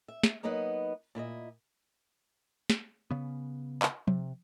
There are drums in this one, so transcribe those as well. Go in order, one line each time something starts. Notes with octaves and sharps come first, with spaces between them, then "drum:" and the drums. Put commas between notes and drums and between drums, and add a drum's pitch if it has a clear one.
E5
drum: snare
F#3 A#3 B3 D#4 B4 D#5
A#2 E4 C5 D#5
drum: snare
C#3 B3
drum: clap
C3, drum: tom F3